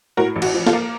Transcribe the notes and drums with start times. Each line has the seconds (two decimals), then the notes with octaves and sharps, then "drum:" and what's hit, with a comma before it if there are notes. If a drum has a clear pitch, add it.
0.17 A2 F#4 A#4
0.36 A1
0.42 F#4, drum: cymbal
0.54 F3
0.66 F4 A4, drum: snare
0.73 A#3